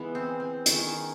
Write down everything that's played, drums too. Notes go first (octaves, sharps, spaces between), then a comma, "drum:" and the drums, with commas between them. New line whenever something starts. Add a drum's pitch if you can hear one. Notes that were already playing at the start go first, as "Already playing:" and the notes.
Already playing: E3 G#3 B3
C4
C4
D#3 G#3 B3 C#4, drum: hi-hat